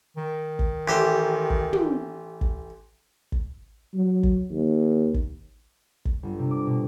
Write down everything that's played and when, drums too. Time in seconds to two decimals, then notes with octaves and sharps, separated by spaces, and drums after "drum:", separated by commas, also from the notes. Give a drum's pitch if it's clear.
0.17 D#3
0.59 drum: kick
0.88 A1 G4 C5
1.50 drum: kick
1.73 drum: tom
2.41 drum: kick
3.32 drum: kick
3.94 F#3
4.23 drum: kick
4.50 D#2
5.14 drum: kick
6.05 drum: kick
6.23 G1
6.39 C3
6.51 D6
6.66 B2